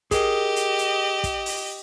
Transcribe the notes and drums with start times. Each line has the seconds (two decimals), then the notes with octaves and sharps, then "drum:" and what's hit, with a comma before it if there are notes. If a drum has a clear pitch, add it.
0.11 G4 G#4 A#4 D#5, drum: kick, hi-hat
0.56 drum: hi-hat
0.79 drum: hi-hat
1.24 drum: kick, hi-hat
1.46 drum: open hi-hat